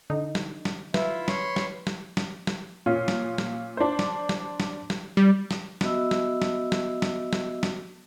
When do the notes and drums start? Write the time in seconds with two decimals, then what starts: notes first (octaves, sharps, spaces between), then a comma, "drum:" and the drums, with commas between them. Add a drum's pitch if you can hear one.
0.10 D3 D#4
0.35 drum: snare
0.65 drum: snare
0.94 E4 F4 B4 E5, drum: snare
1.28 C#5 B5 C6, drum: snare
1.56 drum: snare
1.87 drum: snare
2.17 drum: snare
2.47 drum: snare
2.86 A#2 C#4 F4
3.08 drum: snare
3.38 drum: snare
3.77 D4 C5
3.99 drum: snare
4.29 drum: snare
4.60 drum: snare
4.90 drum: snare
5.17 G3
5.51 drum: snare
5.81 B3 F#4 D#5 E5 E6, drum: snare
6.11 drum: snare
6.42 drum: snare
6.72 drum: snare
7.02 drum: snare
7.33 drum: snare
7.63 drum: snare